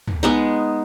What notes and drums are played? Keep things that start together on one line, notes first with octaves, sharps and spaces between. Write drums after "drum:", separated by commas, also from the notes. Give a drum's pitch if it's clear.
drum: tom
G#3 B3 D#4